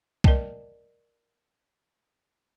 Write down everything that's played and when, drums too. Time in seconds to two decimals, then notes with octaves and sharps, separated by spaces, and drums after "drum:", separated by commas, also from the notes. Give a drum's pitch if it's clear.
0.24 A#4 D5 D#5 G5 A5, drum: kick